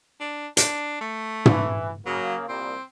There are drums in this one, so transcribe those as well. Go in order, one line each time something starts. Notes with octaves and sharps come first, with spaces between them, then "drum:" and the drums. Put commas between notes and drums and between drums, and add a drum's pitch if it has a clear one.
D4
D4, drum: hi-hat
A3
E3, drum: tom
C#3 F#3 A#3
C2 A#2 G3 C4